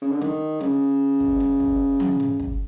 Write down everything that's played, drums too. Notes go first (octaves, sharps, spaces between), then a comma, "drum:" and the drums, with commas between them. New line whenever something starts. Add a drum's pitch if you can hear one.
C#3
D3
D#3, drum: snare
C#3, drum: snare
drum: kick
drum: snare
drum: kick
drum: tom
drum: snare
drum: kick